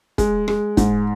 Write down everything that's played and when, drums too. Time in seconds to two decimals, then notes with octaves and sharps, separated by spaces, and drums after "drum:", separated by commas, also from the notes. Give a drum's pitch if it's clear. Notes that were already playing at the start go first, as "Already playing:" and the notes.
0.18 G#3, drum: kick E1, hi-hat
0.48 G#3, drum: rim click
0.77 G#2, drum: kick E1, hi-hat